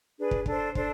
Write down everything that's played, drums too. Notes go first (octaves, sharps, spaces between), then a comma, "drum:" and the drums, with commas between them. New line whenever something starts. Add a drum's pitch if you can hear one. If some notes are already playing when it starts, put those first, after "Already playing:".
D4 G#4 B4
drum: kick
D4 A4 C5, drum: kick
D4 A4 C5, drum: kick